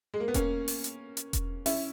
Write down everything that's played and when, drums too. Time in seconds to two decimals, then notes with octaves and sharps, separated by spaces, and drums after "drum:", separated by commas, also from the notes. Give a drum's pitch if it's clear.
0.14 G#3
0.20 A#3
0.28 B3
0.34 A#3 C#4, drum: kick E1, hi-hat
0.68 drum: open hi-hat
0.84 drum: hi-hat
1.17 drum: hi-hat
1.33 drum: kick E1, hi-hat
1.66 C#4 E4, drum: open hi-hat